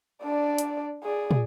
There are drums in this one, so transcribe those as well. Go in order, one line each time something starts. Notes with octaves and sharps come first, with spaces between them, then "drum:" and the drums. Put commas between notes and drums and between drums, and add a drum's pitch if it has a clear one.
D4 D5
drum: hi-hat
G#4 D5
drum: tom